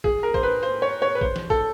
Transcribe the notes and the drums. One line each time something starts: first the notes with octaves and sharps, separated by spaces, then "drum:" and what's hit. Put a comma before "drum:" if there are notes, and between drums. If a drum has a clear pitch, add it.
G#4, drum: kick
A#4
C5, drum: kick
B4
C5
C#5
C#5
B4
C5, drum: kick
drum: snare
A4, drum: kick